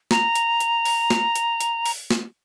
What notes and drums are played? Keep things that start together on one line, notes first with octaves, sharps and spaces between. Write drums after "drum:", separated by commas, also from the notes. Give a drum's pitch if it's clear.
A#5, drum: snare
drum: hi-hat
drum: hi-hat
drum: open hi-hat
drum: snare
drum: hi-hat
drum: hi-hat
drum: open hi-hat
drum: snare